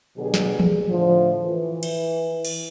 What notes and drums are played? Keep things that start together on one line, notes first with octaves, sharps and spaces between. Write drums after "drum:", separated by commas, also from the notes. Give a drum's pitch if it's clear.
B2 D3 F#3 G4 G#4
drum: snare
drum: tom E3
A2 D3 F3
E3
drum: cymbal
drum: cymbal